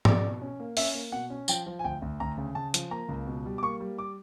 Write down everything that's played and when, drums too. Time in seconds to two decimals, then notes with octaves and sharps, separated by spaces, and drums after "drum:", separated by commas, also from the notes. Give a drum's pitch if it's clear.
0.05 B2 D5, drum: tom
0.24 B2
0.41 C#4
0.60 A#3
0.77 C#4 E5, drum: open hi-hat
0.94 A#3
1.12 B2 F#5
1.30 C#4
1.48 F3 G5, drum: tambourine
1.66 F3
1.79 G#5
1.84 D2 G5
2.02 D2
2.20 D2 A#5
2.38 C#3
2.55 C#3 A5
2.74 F3, drum: hi-hat
2.91 A#3 A#5
3.09 C#2
3.27 B2
3.46 G3
3.58 D6
3.62 A#3 C#6
3.80 G3
3.98 D6